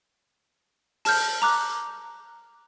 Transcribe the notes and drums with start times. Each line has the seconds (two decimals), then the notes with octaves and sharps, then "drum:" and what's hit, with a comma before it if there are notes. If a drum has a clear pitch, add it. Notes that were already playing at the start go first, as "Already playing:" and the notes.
1.05 A5 F6 G6, drum: open hi-hat
1.42 A#5 D6 F#6